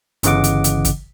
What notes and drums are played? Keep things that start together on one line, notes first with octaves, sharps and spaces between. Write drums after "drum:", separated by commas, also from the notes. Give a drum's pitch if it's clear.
G1 C#3 E3 D#5 F#5 D6, drum: hi-hat
drum: hi-hat
drum: hi-hat
drum: kick, hi-hat